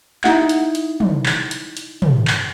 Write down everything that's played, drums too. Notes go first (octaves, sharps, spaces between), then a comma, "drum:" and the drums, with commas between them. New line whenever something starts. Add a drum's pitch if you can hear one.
D#4 E4 F#5, drum: clap
drum: hi-hat
drum: hi-hat
drum: tom
drum: clap
drum: hi-hat
drum: hi-hat
drum: tom
drum: clap